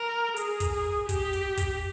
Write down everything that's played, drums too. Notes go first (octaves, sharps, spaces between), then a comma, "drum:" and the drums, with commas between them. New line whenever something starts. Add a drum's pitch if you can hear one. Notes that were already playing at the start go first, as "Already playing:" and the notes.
Already playing: A#4
G#4, drum: hi-hat
drum: kick, hi-hat
G#4
G4, drum: kick, hi-hat
drum: open hi-hat
drum: kick, hi-hat